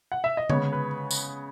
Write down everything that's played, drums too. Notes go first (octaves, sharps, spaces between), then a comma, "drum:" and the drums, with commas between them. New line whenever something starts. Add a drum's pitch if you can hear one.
F#5
E5
D#5
C#3 G#3 B3 C#5, drum: tom D3
B4
drum: tambourine